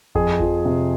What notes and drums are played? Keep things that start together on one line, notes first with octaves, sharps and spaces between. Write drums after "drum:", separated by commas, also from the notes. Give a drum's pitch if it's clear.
F2 G#4, drum: kick G1
F3, drum: kick G1
C3